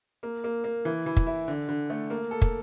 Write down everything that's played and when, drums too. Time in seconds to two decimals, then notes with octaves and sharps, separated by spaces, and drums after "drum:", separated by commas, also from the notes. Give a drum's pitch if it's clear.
0.23 A#3
0.44 A#3
0.64 A#3
0.85 E3
1.06 E3
1.17 drum: kick
1.27 E4
1.48 D3
1.69 D3
1.90 A3
2.10 A#3
2.31 A4
2.42 drum: kick